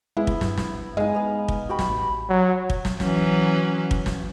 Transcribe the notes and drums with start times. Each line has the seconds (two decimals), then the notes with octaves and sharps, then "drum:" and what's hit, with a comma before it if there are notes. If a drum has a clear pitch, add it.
0.17 G#3 B3 E4
0.27 drum: kick
0.41 G2, drum: snare
0.58 drum: snare
0.97 G#3 D#4 D#5 F5 G#5
1.15 B3 G#4
1.48 drum: kick
1.69 F#4 G4 B5
1.79 drum: snare
1.89 A1
2.30 F#3
2.70 drum: kick
2.85 drum: snare
3.00 E3 F#3 C#4, drum: snare
3.91 drum: kick
4.06 drum: snare